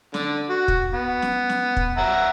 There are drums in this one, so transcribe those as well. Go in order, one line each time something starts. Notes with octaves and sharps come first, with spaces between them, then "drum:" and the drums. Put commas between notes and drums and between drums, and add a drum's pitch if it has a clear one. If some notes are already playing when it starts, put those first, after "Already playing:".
D3, drum: snare
F#4
drum: kick
B3
drum: snare
drum: snare
drum: kick
E5 F#5 A#5